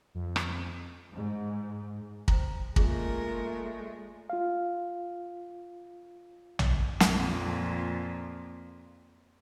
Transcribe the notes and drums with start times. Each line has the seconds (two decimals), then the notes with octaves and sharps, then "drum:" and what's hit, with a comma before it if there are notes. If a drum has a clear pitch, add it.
0.15 F2
0.36 drum: rim click
1.14 G#2
2.28 C5 G5 A#5, drum: kick
2.76 A#2 G#3 A3 C#4 G#4 A#4 D#5, drum: kick
4.30 F4 F5
6.59 drum: tom A#1
7.00 F2 A#2, drum: snare